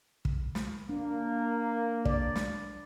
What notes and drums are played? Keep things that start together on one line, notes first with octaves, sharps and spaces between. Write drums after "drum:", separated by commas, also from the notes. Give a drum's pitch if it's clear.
drum: kick
drum: snare
A#3 D4
D5, drum: kick
drum: snare